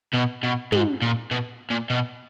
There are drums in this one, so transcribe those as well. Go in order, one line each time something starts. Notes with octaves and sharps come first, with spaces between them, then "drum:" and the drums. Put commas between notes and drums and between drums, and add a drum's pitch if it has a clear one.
B2
B2
G#2, drum: tom
A#2
B2
A#2
B2